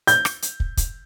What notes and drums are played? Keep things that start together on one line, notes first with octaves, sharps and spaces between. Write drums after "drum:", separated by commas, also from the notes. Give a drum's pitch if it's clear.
G6, drum: hi-hat
drum: rim click
drum: hi-hat
drum: kick
drum: kick, hi-hat